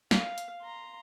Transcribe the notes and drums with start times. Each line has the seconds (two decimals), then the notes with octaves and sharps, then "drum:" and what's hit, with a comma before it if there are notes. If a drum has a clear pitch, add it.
0.11 F5, drum: snare
0.38 drum: hi-hat
0.61 A#5 C6